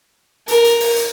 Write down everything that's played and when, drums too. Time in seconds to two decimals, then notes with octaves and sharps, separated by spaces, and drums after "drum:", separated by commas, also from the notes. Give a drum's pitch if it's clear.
0.48 A#4, drum: hi-hat
0.64 drum: hi-hat
0.80 drum: open hi-hat
0.96 drum: hi-hat